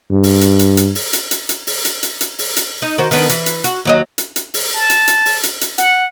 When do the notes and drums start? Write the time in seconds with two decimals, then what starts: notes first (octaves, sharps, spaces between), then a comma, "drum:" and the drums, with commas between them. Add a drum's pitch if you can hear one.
0.11 G2
0.23 drum: open hi-hat
0.41 drum: hi-hat
0.59 drum: hi-hat
0.77 drum: hi-hat
0.95 drum: open hi-hat
1.13 drum: hi-hat
1.31 drum: hi-hat
1.49 drum: hi-hat
1.67 drum: open hi-hat
1.85 drum: hi-hat
2.03 drum: hi-hat
2.21 drum: hi-hat
2.39 drum: open hi-hat
2.56 drum: hi-hat
2.82 D#4
2.98 D#3 F#4 C5
3.11 D#3 B3 D4, drum: open hi-hat
3.29 E3, drum: hi-hat
3.46 drum: hi-hat
3.64 F#4, drum: hi-hat
3.85 D#2 F#3 D#5
4.18 drum: hi-hat
4.36 drum: hi-hat
4.54 drum: open hi-hat
4.75 A5
4.90 drum: hi-hat
5.08 drum: hi-hat
5.25 drum: open hi-hat
5.43 drum: hi-hat
5.61 drum: hi-hat
5.78 F#5, drum: hi-hat